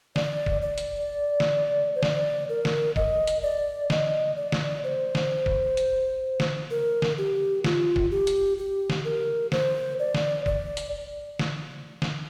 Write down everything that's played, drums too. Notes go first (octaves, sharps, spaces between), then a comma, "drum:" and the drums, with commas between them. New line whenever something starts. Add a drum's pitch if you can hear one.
D5, drum: snare
drum: kick
D5
drum: hi-hat
drum: snare
C5
D5, drum: snare
A#4
drum: snare
D#5, drum: kick
drum: hi-hat
D5
D#5, drum: snare
D5
drum: snare
C5
drum: snare
drum: kick
drum: hi-hat
drum: snare
A#4
drum: snare
G4
F4, drum: snare
drum: kick
G4
drum: hi-hat
G4
drum: snare
A#4
C5, drum: snare
D5
drum: snare
D5, drum: kick
drum: hi-hat
drum: snare
drum: snare